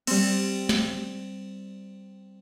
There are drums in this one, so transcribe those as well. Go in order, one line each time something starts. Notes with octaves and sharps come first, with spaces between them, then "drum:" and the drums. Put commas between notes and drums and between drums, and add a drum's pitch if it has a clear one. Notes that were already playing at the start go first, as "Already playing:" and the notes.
G3 C4, drum: cymbal
drum: snare